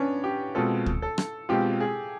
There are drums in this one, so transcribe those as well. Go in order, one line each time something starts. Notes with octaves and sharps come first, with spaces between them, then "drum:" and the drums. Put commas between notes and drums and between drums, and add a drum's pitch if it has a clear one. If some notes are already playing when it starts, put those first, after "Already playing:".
Already playing: B3 C#4 D4
G4
B2 G#3 C4 F4 A4
drum: kick
A4
drum: rim click
B2 G#3 C4 F4 G4
G#4